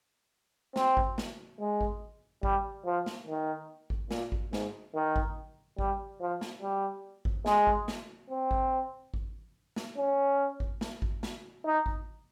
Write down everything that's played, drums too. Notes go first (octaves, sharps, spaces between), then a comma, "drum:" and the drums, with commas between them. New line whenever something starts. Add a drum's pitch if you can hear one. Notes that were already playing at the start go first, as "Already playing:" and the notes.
C4, drum: snare
drum: kick G#1
drum: snare
G#3
drum: kick G#1
G3, drum: kick G#1
F3
drum: snare
D#3
drum: kick G#1
A#2, drum: snare
drum: kick G#1
G#2, drum: snare
D#3
drum: kick G#1
G3, drum: kick G#1
F3
drum: snare
G3
drum: kick G#1
G#3, drum: snare
drum: kick G#1
drum: snare
C4
drum: kick G#1
drum: kick G#1
drum: snare
C#4
drum: kick G#1
drum: snare
drum: kick G#1
drum: snare
D#4
drum: kick G#1